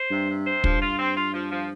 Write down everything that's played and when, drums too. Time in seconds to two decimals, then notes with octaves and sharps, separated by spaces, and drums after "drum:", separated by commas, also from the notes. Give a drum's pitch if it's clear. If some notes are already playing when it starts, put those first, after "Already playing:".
Already playing: C5
0.10 G2 C3
0.29 C3
0.46 C5
0.64 G2 F3, drum: kick
0.81 F4
0.98 C4
1.16 F4
1.33 F3
1.51 F3